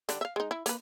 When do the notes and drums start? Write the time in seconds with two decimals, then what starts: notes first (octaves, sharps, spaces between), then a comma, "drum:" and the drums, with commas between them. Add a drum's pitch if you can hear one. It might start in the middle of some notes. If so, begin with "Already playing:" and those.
0.09 D3 G3 D4, drum: hi-hat
0.21 E5 F5
0.36 G#3 D#4
0.51 E4
0.66 A#3 B4, drum: hi-hat